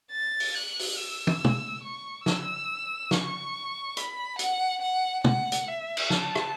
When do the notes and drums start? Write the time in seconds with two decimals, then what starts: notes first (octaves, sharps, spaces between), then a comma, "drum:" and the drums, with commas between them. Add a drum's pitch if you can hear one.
0.12 A6
0.40 drum: open hi-hat
0.55 F#6
0.79 drum: open hi-hat
0.98 E6
1.27 drum: tom
1.45 drum: tom
1.83 C#6
2.26 E6, drum: snare
3.11 C#6, drum: snare
3.97 B5, drum: hi-hat
4.39 F#5, drum: hi-hat
4.82 F#5
5.24 F#5, drum: tom
5.52 drum: hi-hat
5.68 E5
5.97 drum: cymbal
6.10 A5, drum: snare
6.36 drum: rim click